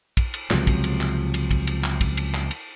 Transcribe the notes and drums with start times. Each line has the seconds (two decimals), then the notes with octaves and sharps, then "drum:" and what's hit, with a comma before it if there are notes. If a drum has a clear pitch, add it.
0.17 drum: kick, cymbal
0.34 drum: cymbal
0.50 C#2 C3 F3 F#3, drum: clap
0.67 drum: kick, cymbal
0.84 drum: cymbal
1.01 drum: clap
1.34 drum: cymbal
1.51 drum: kick, cymbal
1.67 drum: cymbal
1.84 drum: clap
2.01 drum: kick, cymbal
2.17 drum: cymbal
2.34 drum: clap
2.51 drum: cymbal